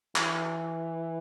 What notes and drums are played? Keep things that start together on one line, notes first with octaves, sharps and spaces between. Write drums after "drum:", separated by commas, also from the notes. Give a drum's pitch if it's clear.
E3, drum: clap